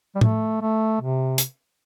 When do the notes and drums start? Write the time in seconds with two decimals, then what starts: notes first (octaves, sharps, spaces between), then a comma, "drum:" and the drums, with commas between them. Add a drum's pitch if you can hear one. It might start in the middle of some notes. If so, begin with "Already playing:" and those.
0.16 G3
0.21 A3, drum: tom A2
0.62 A3
1.01 C3
1.38 drum: hi-hat